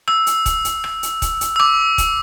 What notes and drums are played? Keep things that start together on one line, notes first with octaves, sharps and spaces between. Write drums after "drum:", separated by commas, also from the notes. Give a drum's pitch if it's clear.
E6, drum: rim click
drum: hi-hat
drum: kick D#1, hi-hat
drum: hi-hat
drum: rim click
drum: hi-hat
drum: kick D#1, hi-hat
drum: hi-hat
E6
D6, drum: rim click
drum: kick D#1, hi-hat